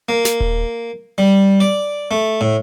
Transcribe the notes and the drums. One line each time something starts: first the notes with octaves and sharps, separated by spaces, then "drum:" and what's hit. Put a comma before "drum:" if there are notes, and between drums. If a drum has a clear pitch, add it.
A#3
drum: snare
drum: kick D#1
G3
D5
A3
A2